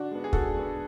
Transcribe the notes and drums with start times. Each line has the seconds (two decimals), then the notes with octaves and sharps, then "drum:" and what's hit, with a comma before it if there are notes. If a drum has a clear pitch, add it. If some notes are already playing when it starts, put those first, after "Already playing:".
Already playing: D3 D4 F#4
0.11 G#3 B3
0.24 G#4
0.33 D3 F#4 A4, drum: kick
0.55 G#3 B3